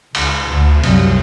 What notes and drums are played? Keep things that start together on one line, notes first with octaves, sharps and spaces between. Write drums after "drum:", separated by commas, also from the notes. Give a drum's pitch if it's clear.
C#2, drum: cymbal
D2
C2 F#2 A#2 F#3 G3, drum: cymbal